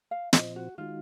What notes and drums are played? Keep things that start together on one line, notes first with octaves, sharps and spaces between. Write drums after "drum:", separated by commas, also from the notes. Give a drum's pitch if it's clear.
F5
A#2 F3 C4 F4 C5 D#5, drum: snare
F#4
D#3 G#3 D#4 F4 F#4